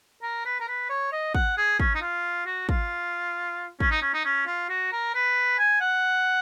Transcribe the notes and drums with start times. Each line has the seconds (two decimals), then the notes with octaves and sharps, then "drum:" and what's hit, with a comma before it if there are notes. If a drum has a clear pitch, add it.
0.22 A#4
0.45 B4
0.60 A#4
0.68 B4
0.89 C#5
1.12 D#5
1.35 F#5, drum: kick
1.57 G#4
1.80 C#4, drum: kick
1.95 D#4
2.01 F4
2.46 F#4
2.69 F4, drum: kick
3.80 C#4, drum: kick
3.91 D#4
4.02 C#4
4.14 D#4
4.25 C#4
4.46 F4
4.69 F#4
4.92 A#4
5.14 B4
5.59 G#5
5.81 F#5